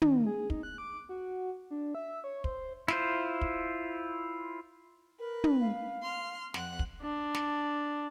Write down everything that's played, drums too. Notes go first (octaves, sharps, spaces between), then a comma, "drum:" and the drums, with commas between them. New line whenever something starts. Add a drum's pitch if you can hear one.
D#3, drum: tom
G#4
D#4, drum: kick
F#6
D6
F#4
D4
E5
C#5
C5, drum: kick
E4 F4 C5, drum: snare
drum: kick
A#4 B4
drum: tom
F5
C6 F6
F2 F#5 F#6, drum: snare
drum: kick
D4
drum: snare